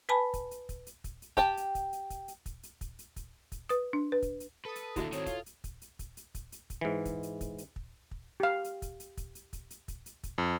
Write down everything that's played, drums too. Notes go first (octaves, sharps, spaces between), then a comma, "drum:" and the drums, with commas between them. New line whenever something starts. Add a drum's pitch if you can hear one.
B4 G#5 A5 B5
drum: kick, hi-hat
drum: hi-hat
drum: kick, hi-hat
drum: hi-hat
drum: kick, hi-hat
drum: hi-hat
G4 G5 A5, drum: kick, hi-hat
drum: hi-hat
drum: kick, hi-hat
drum: hi-hat
drum: kick, hi-hat
drum: hi-hat
drum: kick, hi-hat
drum: hi-hat
drum: kick, hi-hat
drum: hi-hat
drum: kick, hi-hat
drum: kick, hi-hat
B4 D#6, drum: hi-hat
D4
B4
drum: kick, hi-hat
drum: hi-hat
A4 B4 D#6
drum: hi-hat
D#2 D3 E4 F#4 E5, drum: kick, hi-hat
D#3 C4 C#5, drum: hi-hat
F4, drum: kick, hi-hat
drum: hi-hat
drum: kick, hi-hat
drum: hi-hat
drum: kick, hi-hat
drum: hi-hat
drum: kick, hi-hat
drum: hi-hat
drum: kick, hi-hat
G#2 E3
drum: kick, hi-hat
drum: hi-hat
drum: kick, hi-hat
drum: hi-hat
drum: kick
drum: kick
G4 F5
drum: hi-hat
drum: kick, hi-hat
drum: hi-hat
drum: kick, hi-hat
drum: hi-hat
drum: kick, hi-hat
drum: hi-hat
drum: kick, hi-hat
drum: hi-hat
drum: kick, hi-hat
F2